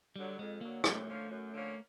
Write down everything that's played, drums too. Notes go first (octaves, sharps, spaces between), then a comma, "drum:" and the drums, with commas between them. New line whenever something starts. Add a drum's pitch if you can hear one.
D3 F#3 G3
F2 G#3
D3 F#3 A#3
F#2 A3, drum: rim click
D3 F3 A#3 C#4
F#2
D3 F3 A#3 C#4